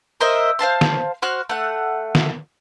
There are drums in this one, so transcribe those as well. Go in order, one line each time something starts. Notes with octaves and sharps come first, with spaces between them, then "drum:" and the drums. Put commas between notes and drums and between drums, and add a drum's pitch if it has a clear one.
A#4 C5 D#5 E5
C5 F5 A5 C6
drum: snare
F#4 C5 F6 F#6
A3 F#5
drum: snare